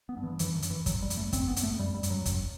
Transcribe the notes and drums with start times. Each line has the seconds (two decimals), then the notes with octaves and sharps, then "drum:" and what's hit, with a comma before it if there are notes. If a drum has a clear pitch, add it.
0.09 B3
0.17 G2
0.24 E3
0.39 F#2 E3, drum: hi-hat
0.55 D#3
0.62 F#2, drum: hi-hat
0.71 E3
0.86 F#2 F#3, drum: kick, hi-hat
1.02 G3
1.10 F#2, drum: hi-hat
1.17 A3
1.33 F#2 C4, drum: kick, hi-hat
1.48 B3
1.56 F#2, drum: hi-hat
1.63 A3
1.79 F#2 G3
1.94 G3
2.03 F#2, drum: hi-hat
2.10 F#3
2.25 F#2, drum: kick, hi-hat